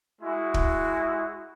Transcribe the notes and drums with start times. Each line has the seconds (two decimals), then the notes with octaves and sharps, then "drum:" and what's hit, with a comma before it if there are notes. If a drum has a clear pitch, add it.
0.22 G#3 E4 F#4
0.54 drum: kick